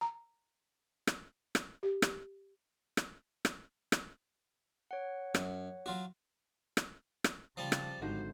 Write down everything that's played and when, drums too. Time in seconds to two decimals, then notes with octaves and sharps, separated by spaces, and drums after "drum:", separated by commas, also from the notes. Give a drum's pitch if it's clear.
0.01 A#5
1.07 drum: rim click
1.55 drum: rim click
1.83 G4
2.02 drum: rim click
2.97 drum: rim click
3.45 drum: rim click
3.92 drum: rim click
4.91 C#5 F#5
5.35 F#2, drum: rim click
5.86 F#3 F4 F#4
6.77 drum: rim click
7.24 drum: rim click
7.57 C#3 F3 G3 A5
7.72 drum: rim click
8.02 G#1 D3 D#4 F#4 C5